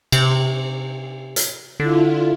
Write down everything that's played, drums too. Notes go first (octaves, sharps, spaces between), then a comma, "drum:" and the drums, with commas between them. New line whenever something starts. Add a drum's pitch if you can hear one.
C3, drum: cymbal
drum: hi-hat
D3 E4 F4